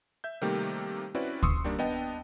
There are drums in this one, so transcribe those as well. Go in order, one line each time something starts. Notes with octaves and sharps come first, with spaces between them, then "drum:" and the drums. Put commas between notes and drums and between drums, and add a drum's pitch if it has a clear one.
E5 G6
C3 D#3 G3 A3 A#3 G4
C4 C#4 E4 F#4 B4 D5
C6 C#6 D#6 E6 C#7, drum: kick
D#3 G3 A#3 D4
B3 D4 D#5 G5 A5